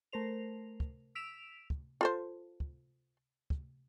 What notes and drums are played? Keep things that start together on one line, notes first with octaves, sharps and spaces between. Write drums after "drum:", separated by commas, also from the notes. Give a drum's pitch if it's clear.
A3 A#4 C5 F7
drum: kick
E6 B6 D7 E7 F7
drum: kick
F4 A4 C5
drum: kick
drum: kick